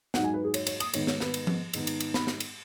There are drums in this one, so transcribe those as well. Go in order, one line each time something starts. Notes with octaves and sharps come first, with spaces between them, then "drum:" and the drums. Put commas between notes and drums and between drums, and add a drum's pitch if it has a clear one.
G#2 F#3 D#4 F#5, drum: snare
G#5
B4
G#4
C#5, drum: cymbal
C#5, drum: cymbal
D#6, drum: cymbal
G#2 D#3 B3 C#5, drum: cymbal
C#5, drum: snare
B4, drum: snare
drum: cymbal
drum: tom F3
G#2 D#3 B3 D#4, drum: cymbal
drum: cymbal
drum: cymbal
B5, drum: snare
drum: snare
drum: cymbal